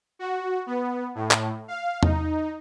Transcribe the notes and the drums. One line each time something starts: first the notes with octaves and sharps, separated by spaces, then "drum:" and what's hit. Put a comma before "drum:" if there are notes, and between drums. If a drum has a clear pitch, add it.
F#4
B3
A2
drum: clap
F5
D#4, drum: tom E2